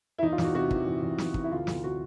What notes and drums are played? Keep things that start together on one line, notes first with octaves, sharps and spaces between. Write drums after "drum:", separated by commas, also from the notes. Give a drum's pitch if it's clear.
E4
E2 D#4
F4
E2, drum: snare
F#4
C3 F#4
E3, drum: kick
E2
E2
C3, drum: snare
E3, drum: kick
E4
D2 F4
D2, drum: snare
C3 F#4